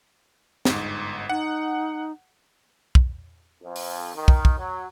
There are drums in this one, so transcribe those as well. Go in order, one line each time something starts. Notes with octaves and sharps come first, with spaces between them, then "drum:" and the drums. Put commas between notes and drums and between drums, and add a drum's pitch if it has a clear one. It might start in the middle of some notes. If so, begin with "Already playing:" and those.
G1 G#2, drum: snare
D#4 F#5
drum: kick
F2
drum: open hi-hat
D#3
drum: kick
drum: kick
F#3